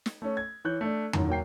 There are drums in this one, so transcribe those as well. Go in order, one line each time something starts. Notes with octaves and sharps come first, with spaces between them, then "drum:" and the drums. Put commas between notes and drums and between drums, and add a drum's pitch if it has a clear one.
drum: snare
A3 C#4
G#6
E3 C#5 F#6 G6
A3 D4
F#2 A2 D3 D#3, drum: tom E2
F#3 A#3 G5 C7